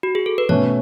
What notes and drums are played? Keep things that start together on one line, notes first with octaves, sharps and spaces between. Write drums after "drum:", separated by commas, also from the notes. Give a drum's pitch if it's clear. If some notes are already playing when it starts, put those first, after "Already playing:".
F#4
G#4
A4
B4
B2 A3 C#4 C#5, drum: tom D#3